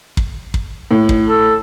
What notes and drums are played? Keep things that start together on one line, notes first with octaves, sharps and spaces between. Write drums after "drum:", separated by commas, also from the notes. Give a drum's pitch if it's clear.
drum: kick
drum: kick
A2
drum: kick
A4